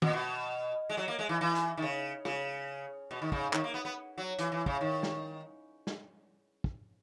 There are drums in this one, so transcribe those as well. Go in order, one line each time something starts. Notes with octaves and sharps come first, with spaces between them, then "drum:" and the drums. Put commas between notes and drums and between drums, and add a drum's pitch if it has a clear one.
A#2, drum: tom
B2
G#3
F#3
A#3
G#3
E3
E3
drum: hi-hat
D#3
C#3
C#3, drum: rim click
B2
D#3
C#3, drum: kick
D#3, drum: clap
A#3
B3
B3
F#3
E3, drum: hi-hat
E3
C#3, drum: kick
D#3
drum: snare
drum: snare
drum: kick